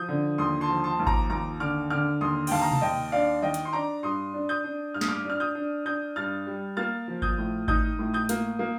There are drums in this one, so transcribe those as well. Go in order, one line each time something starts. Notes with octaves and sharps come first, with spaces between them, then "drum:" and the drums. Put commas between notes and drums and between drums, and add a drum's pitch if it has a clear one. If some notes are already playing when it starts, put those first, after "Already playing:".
Already playing: F3 D#6 G6
D3
D#2 C6 D#6
A5 C6
F3
A5 C6
D#2
A#5 D6, drum: kick G#1
D#2 A#5 D6
D3 D6 F6
D3 D6 F6
D#2 C6 D#6
G5, drum: cymbal
D#2 F5 A5
A#5
A5, drum: tom B2
D#2 D#5 G5
D4 D5 F5
D#3 D#5 G5
drum: hi-hat
C6
D4 A#5 D6
G2 C6 D#6
D4
D#6 G6
D4
G2 F6
D#6, drum: snare
D6 F6
D4 F6
D#6 G6
D4
D4 D#6 G6
G2 F6 A6
G3
A#3 F6 A6
F3
D#6 G6, drum: kick G#1
A2
D#4 D#6 G6, drum: kick G#1
A2
D#6 G6
A#3, drum: hi-hat
A#3